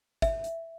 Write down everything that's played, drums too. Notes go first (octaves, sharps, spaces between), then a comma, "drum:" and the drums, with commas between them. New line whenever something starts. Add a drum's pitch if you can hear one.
E5, drum: kick, hi-hat
drum: hi-hat